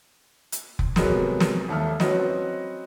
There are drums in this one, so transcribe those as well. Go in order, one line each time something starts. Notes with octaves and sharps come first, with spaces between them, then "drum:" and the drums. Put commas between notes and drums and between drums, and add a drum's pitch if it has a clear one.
drum: hi-hat
drum: kick F1
C3 F#3 G#3 B3 F#4 A#4, drum: snare
drum: snare
G#1 D#2 A4 E5 F6
F#3 C4 C#4 F#4 B4 D#5, drum: snare